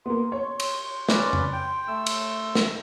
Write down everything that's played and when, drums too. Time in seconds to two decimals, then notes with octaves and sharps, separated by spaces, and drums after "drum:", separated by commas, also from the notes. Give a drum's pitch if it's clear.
0.06 A#3 B3 C6
0.32 C#5
0.60 drum: cymbal
1.09 C#4 B4 D5, drum: snare
1.33 drum: tom F2
1.53 G5
1.88 A3 E6
2.06 drum: cymbal
2.55 drum: snare